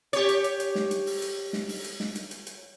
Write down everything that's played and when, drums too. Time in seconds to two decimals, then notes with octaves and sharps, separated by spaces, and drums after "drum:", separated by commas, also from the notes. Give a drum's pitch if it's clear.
0.13 G4 C#5, drum: hi-hat
0.29 drum: hi-hat
0.44 drum: hi-hat
0.60 drum: hi-hat
0.75 drum: snare
0.91 drum: hi-hat
1.06 drum: open hi-hat
1.22 drum: hi-hat
1.53 drum: snare
1.69 drum: open hi-hat
1.84 drum: hi-hat
2.00 drum: snare
2.15 drum: hi-hat
2.31 drum: hi-hat
2.47 drum: hi-hat